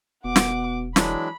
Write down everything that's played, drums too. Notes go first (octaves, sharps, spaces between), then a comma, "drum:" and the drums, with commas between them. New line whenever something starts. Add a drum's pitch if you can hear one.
E1 B2 F#5 D6
drum: snare
E3 F#3 G#3 D4 B5, drum: snare